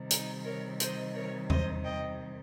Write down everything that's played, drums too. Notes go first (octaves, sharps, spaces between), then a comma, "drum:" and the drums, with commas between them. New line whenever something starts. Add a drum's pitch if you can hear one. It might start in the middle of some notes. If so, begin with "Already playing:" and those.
Already playing: C3 D#3 G3
D#4, drum: hi-hat
A#4 C#5
C5 D#5, drum: hi-hat
A#4 C#5
C5 D#5, drum: tom E2
D#5 G5